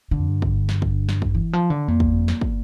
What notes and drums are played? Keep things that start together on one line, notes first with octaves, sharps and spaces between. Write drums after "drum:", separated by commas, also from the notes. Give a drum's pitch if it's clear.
D3
F2
G2
drum: kick
drum: snare
drum: kick
drum: snare
drum: kick
E3
F3
D3
F2 A#2
E2, drum: kick
F2
drum: snare
drum: kick